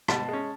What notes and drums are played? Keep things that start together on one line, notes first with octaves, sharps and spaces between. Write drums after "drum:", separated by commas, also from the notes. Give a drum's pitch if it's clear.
B2 A5, drum: rim click
G#3 C#4